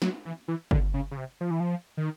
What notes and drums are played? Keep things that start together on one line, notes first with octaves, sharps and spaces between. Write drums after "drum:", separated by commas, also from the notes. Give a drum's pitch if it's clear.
F#3, drum: snare
E3
E3
D3, drum: kick G1
C#3
C#3
C3
F3
E3
F3
D#3